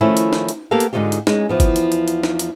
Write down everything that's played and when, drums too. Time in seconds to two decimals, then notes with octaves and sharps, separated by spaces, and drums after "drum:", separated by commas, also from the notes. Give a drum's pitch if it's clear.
0.01 D#3 F3 A3 C#4 E4
0.17 drum: hi-hat
0.33 drum: snare
0.49 drum: hi-hat
0.71 A#3 B3 G4 A4 A#4 F5
0.80 drum: hi-hat
0.93 G#2 D3 D#3 D#4 F4 G4
1.12 drum: hi-hat
1.27 G#3 C#4, drum: snare
1.49 E2 F3 B3
1.60 drum: kick, hi-hat
1.76 drum: hi-hat
1.92 drum: hi-hat
2.08 drum: hi-hat
2.24 drum: snare
2.39 drum: hi-hat